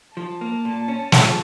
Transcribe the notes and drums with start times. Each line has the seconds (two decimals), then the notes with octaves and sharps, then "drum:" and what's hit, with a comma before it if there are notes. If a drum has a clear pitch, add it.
0.17 F3 A5
0.41 A#3
0.65 A#2
0.88 C#4
1.12 F3, drum: snare